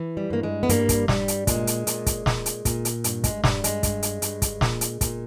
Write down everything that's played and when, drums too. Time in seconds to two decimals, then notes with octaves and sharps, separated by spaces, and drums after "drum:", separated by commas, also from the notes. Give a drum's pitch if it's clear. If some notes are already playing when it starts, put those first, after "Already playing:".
Already playing: E3
0.17 G3
0.30 G2 A#3
0.43 G#3
0.63 B3
0.69 G2 G3 A#3, drum: hi-hat
0.89 drum: kick, hi-hat
1.08 G2 G3, drum: snare
1.28 drum: hi-hat
1.47 A#2 G#3, drum: kick, hi-hat
1.67 drum: hi-hat
1.87 A#2, drum: hi-hat
2.06 drum: kick, hi-hat
2.26 A#2, drum: snare
2.46 drum: hi-hat
2.65 A#2, drum: kick, hi-hat
2.85 drum: hi-hat
3.04 G2, drum: hi-hat
3.24 G#3, drum: kick, hi-hat
3.44 G2 G3, drum: snare
3.64 G#3, drum: hi-hat
3.83 G2, drum: kick, hi-hat
4.03 drum: hi-hat
4.22 G2, drum: hi-hat
4.42 drum: kick, hi-hat
4.61 A#2, drum: snare
4.81 drum: hi-hat
5.01 A#2, drum: kick, hi-hat